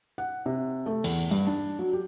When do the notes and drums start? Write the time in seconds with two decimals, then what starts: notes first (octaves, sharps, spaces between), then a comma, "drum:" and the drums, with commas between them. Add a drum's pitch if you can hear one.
0.18 F#5
0.46 C3
0.86 A3
1.04 E2, drum: cymbal
1.31 G2, drum: tambourine
1.47 D4
1.79 F#3
1.93 G4